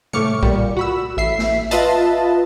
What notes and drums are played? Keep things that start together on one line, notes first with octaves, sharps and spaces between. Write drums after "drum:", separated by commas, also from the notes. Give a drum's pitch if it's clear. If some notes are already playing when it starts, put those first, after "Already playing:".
A2 A3 C#6 D6 F6 C#7, drum: tom C3
A#2 G3, drum: kick
F#4 B5 E6
A1 E5 C7
drum: snare
F4 B4 D#5 E5 A5, drum: hi-hat